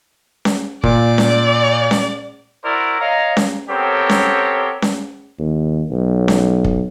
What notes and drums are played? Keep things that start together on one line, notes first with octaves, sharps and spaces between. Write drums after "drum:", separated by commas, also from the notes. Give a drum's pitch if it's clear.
drum: snare C#4
A#2 D5, drum: kick
drum: snare C#4
drum: snare C#4
E4 F#4 A#4 C5 D5
C#5 D#5 F5 A#5
drum: snare C#4
B3 C4 G4 A4 A#4 C#5
drum: snare C#4
drum: snare C#4
D#2
B1
drum: snare C#4
drum: kick